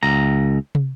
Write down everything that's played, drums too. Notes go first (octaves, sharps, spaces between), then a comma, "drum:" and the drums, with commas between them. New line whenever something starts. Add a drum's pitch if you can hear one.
C#2 A#5
drum: tom